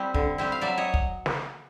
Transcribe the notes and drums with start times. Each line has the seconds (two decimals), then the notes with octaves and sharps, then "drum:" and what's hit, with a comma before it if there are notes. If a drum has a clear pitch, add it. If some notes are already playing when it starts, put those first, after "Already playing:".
Already playing: G3 C4 E4
0.14 D3, drum: kick
0.38 G3 C4 E4
0.52 F5
0.61 F#3 D5 E5
0.78 C#5 D#5
0.94 drum: kick
1.26 drum: snare